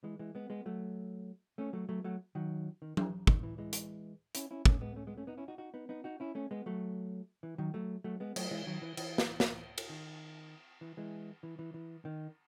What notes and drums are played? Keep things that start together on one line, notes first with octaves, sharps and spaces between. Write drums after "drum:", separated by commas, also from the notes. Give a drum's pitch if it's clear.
E3 G#3
E3 G#3
G#3 B3
G#3 B3
F#3 A3
A3 C#4
F#3 A3
F#3 A3
F#3 A3
D#3 F#3
D#3
E3, drum: tom F#3
D#3, drum: kick
E3
E3 G#3
drum: hi-hat
C#4 E4, drum: hi-hat
C#4 E4
A3 C#4, drum: kick
G#3 B3
A3 C#4
G#3 B3
A3 C#4
B3 D#4
C#4 E4
D#4 F#4
D#4 F#4
B3 D#4
B3 D#4
D#4 F#4
C#4 E4
A3 C#4
G#3 B3
F#3 A3
E3
D#3 F#3
F#3 A3
F#3 A3
G#3 B3
F#3 A3, drum: cymbal
E3 G#3
D#3 F#3
E3
E3, drum: cymbal
drum: snare
drum: snare
drum: cymbal
D#3
E3
E3 G#3
E3
E3
E3
D#3